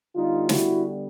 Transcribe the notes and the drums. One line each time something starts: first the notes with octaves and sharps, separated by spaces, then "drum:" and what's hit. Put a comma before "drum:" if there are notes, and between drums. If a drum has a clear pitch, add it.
D3 G3 B3 D#4 F4
E4 F#4, drum: snare